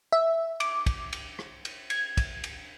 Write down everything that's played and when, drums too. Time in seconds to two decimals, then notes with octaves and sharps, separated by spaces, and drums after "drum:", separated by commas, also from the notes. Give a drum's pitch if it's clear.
0.12 E5
0.60 D6, drum: cymbal
0.86 drum: kick, cymbal
1.13 drum: cymbal
1.39 drum: rim click
1.65 drum: cymbal
1.90 G#6, drum: cymbal
2.17 drum: kick, cymbal
2.44 drum: cymbal